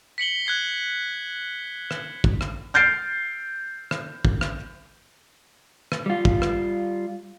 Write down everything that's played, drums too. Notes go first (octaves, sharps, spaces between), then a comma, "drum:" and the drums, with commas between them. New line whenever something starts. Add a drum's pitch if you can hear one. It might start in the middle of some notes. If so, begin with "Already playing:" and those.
B6 C#7 F#7 G7
F#6 G#6 C7
drum: rim click
drum: kick
drum: rim click
F6 G6 A6 C7 D7
drum: rim click
drum: kick
drum: rim click
drum: rim click
G3 F4
drum: kick
drum: rim click